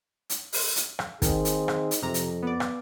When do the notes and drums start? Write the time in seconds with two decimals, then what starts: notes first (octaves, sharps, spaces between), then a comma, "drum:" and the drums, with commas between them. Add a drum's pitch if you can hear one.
0.30 drum: hi-hat
0.53 drum: open hi-hat
0.76 drum: hi-hat
0.99 drum: rim click
1.22 D#3 C4 D#4 G#4, drum: kick, hi-hat
1.45 drum: hi-hat
1.68 drum: rim click
1.91 drum: hi-hat
2.02 F2 C3 A#5
2.14 drum: hi-hat
2.43 B3 D5
2.60 drum: rim click